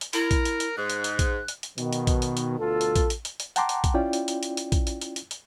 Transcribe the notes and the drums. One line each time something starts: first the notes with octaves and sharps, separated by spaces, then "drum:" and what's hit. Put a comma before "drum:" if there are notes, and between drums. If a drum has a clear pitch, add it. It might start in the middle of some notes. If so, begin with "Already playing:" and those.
drum: hi-hat
E4 A#4, drum: hi-hat
drum: kick, hi-hat
drum: hi-hat
drum: hi-hat
G#2 F#6
drum: hi-hat
drum: hi-hat
drum: kick, hi-hat
drum: hi-hat
drum: hi-hat
B2 D#3, drum: hi-hat
drum: hi-hat
drum: kick, hi-hat
drum: hi-hat
drum: hi-hat
D2 B2 F4 A4
drum: hi-hat
drum: kick, hi-hat
drum: hi-hat
drum: hi-hat
drum: hi-hat
F#5 G5 A5 A#5 C6 D6, drum: hi-hat
drum: hi-hat
drum: kick, hi-hat
C#4 E4 F4 D5 G5
drum: hi-hat
drum: hi-hat
drum: hi-hat
drum: hi-hat
drum: kick, hi-hat
drum: hi-hat
drum: hi-hat
drum: hi-hat
drum: hi-hat